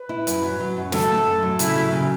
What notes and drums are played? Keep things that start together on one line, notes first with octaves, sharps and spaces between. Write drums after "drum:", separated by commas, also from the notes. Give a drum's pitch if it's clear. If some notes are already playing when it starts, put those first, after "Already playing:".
Already playing: B4
E4
F#2, drum: hi-hat
F#3
F#3
F#2
F#3 A4, drum: snare
A3
F#2
F#3
C#3 E4, drum: hi-hat
F#3
C#3